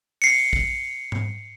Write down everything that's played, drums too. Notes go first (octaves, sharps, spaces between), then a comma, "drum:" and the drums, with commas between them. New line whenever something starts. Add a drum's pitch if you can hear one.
C7 C#7, drum: open hi-hat
drum: kick
drum: tom G#2